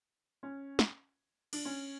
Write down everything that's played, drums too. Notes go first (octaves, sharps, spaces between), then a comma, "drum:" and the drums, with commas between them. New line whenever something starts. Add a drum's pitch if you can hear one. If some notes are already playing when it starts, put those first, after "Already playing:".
C#4
drum: snare
D4, drum: cymbal
C#4